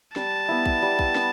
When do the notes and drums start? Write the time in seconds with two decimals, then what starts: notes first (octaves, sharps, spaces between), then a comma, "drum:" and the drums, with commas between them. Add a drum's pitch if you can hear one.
0.16 G3 A5, drum: snare
0.48 B3 E4
0.65 drum: kick
0.82 G3
0.99 drum: kick
1.15 B3, drum: snare